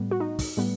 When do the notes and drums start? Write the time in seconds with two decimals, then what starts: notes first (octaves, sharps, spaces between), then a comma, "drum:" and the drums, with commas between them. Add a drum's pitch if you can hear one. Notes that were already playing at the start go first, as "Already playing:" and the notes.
Already playing: A2 G3 B3
0.11 F#4
0.20 D#4
0.39 drum: kick, open hi-hat
0.57 A2 G3 B3